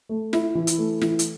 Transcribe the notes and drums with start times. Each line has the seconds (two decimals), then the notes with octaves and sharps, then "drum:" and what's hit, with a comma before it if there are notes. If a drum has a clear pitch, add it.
0.09 A3
0.33 E4, drum: snare
0.55 E3
0.67 drum: hi-hat
0.78 A3
1.01 E3, drum: snare
1.19 drum: hi-hat